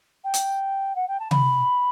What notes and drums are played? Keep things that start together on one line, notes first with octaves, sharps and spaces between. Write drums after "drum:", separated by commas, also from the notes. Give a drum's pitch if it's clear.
G5
drum: hi-hat
F#5
G5
A5
B5, drum: tom C3